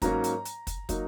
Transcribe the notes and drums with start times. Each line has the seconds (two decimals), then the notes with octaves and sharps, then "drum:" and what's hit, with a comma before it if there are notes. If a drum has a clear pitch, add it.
0.02 G#2 F#3 A#3 C#4 A#5, drum: kick, hi-hat
0.24 drum: hi-hat
0.45 drum: hi-hat
0.67 drum: kick, hi-hat
0.89 F#3 A#3 D#4, drum: kick, hi-hat